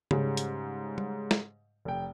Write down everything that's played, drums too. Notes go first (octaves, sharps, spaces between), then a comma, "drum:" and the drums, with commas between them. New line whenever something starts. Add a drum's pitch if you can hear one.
G#2 C#3 G3 G#3, drum: tom C#3
drum: hi-hat
drum: tom
drum: snare
F1 G5